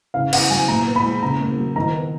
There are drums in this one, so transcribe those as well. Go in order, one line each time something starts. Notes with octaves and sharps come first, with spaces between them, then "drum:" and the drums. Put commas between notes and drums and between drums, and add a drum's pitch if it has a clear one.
C#3 F5
B3 F#5, drum: cymbal
F#3 G#5
A#2 A#5
B3
B5
G#3
C#3 A#5
A#3
F#3
D#3 A#5
B3